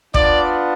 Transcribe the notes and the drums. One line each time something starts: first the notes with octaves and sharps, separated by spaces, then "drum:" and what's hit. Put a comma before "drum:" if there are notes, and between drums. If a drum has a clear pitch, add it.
B3 D4 F4 D5, drum: kick